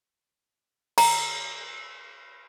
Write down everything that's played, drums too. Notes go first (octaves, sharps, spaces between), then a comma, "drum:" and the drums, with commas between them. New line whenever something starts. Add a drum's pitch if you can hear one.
A#5, drum: cymbal